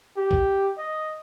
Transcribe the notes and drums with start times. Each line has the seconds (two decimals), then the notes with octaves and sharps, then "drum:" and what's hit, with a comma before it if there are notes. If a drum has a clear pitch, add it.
0.17 G4
0.31 drum: kick
0.77 D#5